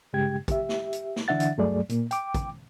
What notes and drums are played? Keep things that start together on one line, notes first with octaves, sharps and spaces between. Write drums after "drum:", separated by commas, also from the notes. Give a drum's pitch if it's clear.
G2 C#3 G#3 G4 G5 G#6
G4 E5, drum: kick, hi-hat
drum: snare
drum: hi-hat
drum: snare
D3 E3 D4 E5 F#5 A6
drum: hi-hat
D2 G2 F#3 A3 G#4 D5
A#2 A#3, drum: hi-hat
G5 D6, drum: hi-hat
drum: kick, hi-hat